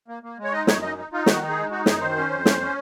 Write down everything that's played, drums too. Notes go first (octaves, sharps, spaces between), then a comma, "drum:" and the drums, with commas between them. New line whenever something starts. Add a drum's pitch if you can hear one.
A#3
A#3
G#3
C#5
D#4 D#5
F#2 C#5, drum: snare
D#4 D#5
D#4
D#4 F4
D#3 F#4, drum: snare
D#4
G#4
G#3
D#4 F#4
F#2 G#4, drum: snare
D#3 C5
C#4
F2
C#4, drum: snare
C#4